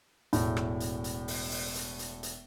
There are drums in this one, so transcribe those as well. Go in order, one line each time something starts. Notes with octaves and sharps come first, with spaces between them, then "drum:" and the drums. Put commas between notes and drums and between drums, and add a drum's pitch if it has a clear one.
E1 A2, drum: hi-hat
drum: rim click
drum: hi-hat
drum: hi-hat
drum: open hi-hat
drum: open hi-hat
drum: hi-hat
drum: hi-hat
drum: hi-hat